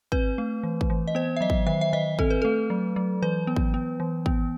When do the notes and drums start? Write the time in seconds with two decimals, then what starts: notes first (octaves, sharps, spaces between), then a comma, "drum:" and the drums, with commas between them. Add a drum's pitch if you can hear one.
0.12 C4 B4, drum: kick
0.38 A3
0.63 E3
0.81 drum: kick
0.90 E3
1.08 D#5
1.15 B3 C5
1.37 E5
1.41 F#3 D#5
1.50 drum: kick
1.67 D#3 E5
1.81 E5
1.93 D#3 D#5
2.19 C4 A4, drum: kick
2.30 B4
2.42 A3 A4
2.70 F#3
2.96 F#3
3.22 E3 B4
3.47 B3
3.56 drum: kick
3.74 B3
4.00 E3
4.26 B3, drum: kick